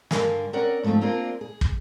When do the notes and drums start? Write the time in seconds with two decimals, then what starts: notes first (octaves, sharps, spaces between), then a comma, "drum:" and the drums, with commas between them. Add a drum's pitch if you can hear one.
0.11 G2 D3 E3 A#4 F5 G#5, drum: snare
0.53 C4 C#4 A#4 D5 F#5
0.83 G#2 D3 F3 A3 C4
1.01 A#3 C4 D4 F4 G#4 A#4
1.41 G#4
1.61 drum: kick